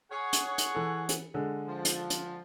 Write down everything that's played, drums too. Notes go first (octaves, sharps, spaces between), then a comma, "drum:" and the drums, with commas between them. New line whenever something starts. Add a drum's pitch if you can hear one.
G#4 C#5 F#5
drum: hi-hat
drum: hi-hat
E3 A4
drum: hi-hat
D3 G#3
F3
drum: hi-hat
drum: hi-hat